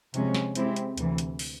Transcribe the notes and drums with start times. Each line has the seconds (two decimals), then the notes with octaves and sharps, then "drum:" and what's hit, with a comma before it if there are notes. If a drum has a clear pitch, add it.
0.14 C3 F3 G#3 C#4, drum: hi-hat
0.34 drum: snare
0.55 G#3 C4 E4 G4, drum: hi-hat
0.76 drum: hi-hat
0.97 D2 C3 E3, drum: hi-hat
1.18 drum: hi-hat
1.39 drum: open hi-hat